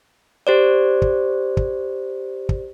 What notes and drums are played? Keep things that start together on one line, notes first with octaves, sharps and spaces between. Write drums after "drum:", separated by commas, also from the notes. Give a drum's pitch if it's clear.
G4 C5 D5
drum: kick
drum: kick
drum: kick